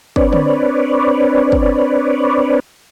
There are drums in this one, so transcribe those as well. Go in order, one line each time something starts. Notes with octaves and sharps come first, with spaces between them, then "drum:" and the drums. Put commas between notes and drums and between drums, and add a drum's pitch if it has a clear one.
C4 D4 B4 C#5 D5, drum: kick
drum: tom D3
drum: kick